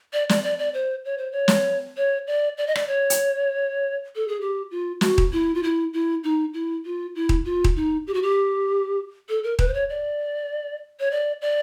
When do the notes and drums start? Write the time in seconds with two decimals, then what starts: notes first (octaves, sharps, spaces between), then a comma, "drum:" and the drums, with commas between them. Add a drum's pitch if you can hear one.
0.13 D5
0.29 D5, drum: snare
0.44 D5
0.59 D5
0.74 C5
1.05 C#5
1.18 C5
1.32 C#5
1.48 drum: snare
1.97 C#5
2.27 D5
2.58 D5
2.67 D#5
2.76 D5, drum: rim click
2.88 C#5
3.10 drum: hi-hat
4.16 A4
4.28 G#4
4.41 G4
4.71 F4
5.01 F#4, drum: snare
5.18 drum: kick D#1
5.33 E4
5.55 F4
5.63 E4
5.94 E4
6.24 D#4
6.54 E4
6.85 F4
7.15 E4
7.29 drum: kick D#1
7.45 F4
7.64 drum: kick D#1
7.76 D#4
8.07 G4
8.14 F#4
8.23 G4
9.29 A4
9.44 A#4
9.59 B4, drum: kick D#1
9.68 C5
9.74 C#5
9.90 D5
11.00 C#5
11.11 D5
11.42 D5